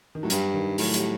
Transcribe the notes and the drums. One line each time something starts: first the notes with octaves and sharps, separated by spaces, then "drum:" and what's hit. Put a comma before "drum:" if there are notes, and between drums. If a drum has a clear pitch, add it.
D#3
A2 F#3
G2 G3, drum: hi-hat
D#3
A2 F#3, drum: open hi-hat
G3, drum: hi-hat